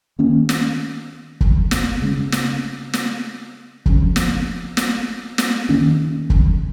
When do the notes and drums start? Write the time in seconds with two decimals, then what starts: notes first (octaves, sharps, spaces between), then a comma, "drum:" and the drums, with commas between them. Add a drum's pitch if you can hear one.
0.19 D#3 A#3 C#4
0.49 drum: snare
1.41 drum: kick
1.71 drum: snare
2.02 C#3 G#3 C#4
2.32 drum: snare
2.93 drum: snare
3.86 C#3 F3 C#4, drum: kick
4.16 drum: snare
4.77 drum: snare
5.38 drum: snare
5.69 D#3 A#3 C#4
6.30 drum: kick